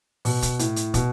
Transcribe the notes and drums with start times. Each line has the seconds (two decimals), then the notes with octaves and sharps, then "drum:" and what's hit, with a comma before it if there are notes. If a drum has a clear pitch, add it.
0.25 B2, drum: open hi-hat
0.42 drum: kick, hi-hat
0.59 A2, drum: hi-hat
0.76 drum: hi-hat
0.94 B2, drum: kick, hi-hat